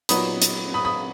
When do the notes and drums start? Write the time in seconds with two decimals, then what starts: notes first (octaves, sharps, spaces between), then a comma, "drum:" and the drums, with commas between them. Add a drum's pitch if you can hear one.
0.09 A#2 F#3 B3 D#4 B5 D#6, drum: hi-hat
0.42 drum: hi-hat
0.74 B5 D#6
0.85 B5 D#6